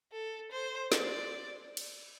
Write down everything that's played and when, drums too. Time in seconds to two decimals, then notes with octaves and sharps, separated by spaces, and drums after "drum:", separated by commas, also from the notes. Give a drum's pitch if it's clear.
0.12 A4
0.51 C5
0.92 D5, drum: snare
1.77 drum: cymbal